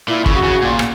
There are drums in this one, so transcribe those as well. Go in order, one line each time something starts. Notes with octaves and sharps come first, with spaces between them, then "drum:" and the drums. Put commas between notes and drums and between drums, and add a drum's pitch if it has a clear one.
A#2 E4
C#3, drum: kick
F#4
C#3
A#2
drum: rim click